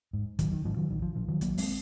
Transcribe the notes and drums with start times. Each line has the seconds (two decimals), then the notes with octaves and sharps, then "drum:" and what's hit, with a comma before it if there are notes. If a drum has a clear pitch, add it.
0.13 G#2
0.39 G#1 D#3 F#3, drum: kick, hi-hat
0.52 D#3
0.64 G#2 F3
0.77 D#3 F#3
0.90 A#1 D#3
1.02 F3
1.15 A#2 F3
1.28 D#3 F#3
1.41 A#1 F#3 A#3, drum: hi-hat
1.58 G#3 C4, drum: open hi-hat